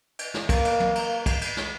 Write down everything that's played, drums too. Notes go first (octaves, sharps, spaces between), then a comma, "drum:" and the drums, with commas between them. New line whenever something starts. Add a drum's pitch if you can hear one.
drum: cymbal
drum: snare
A#3, drum: kick, cymbal
drum: cymbal
drum: tom
drum: cymbal
drum: kick, cymbal
drum: cymbal
drum: snare